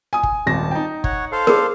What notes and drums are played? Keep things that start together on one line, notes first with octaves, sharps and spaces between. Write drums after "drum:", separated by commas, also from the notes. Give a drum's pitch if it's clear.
G#5 D#6
drum: kick
D#1 G#1 A5 A#6
D#4 G5
C#5 F#5 C#6, drum: kick
A4 C5 F5
G#4 A#4, drum: snare E4